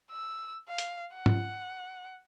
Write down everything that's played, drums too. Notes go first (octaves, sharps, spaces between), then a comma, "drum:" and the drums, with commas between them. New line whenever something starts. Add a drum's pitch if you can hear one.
E6
F5
drum: hi-hat
F#5
drum: tom G#2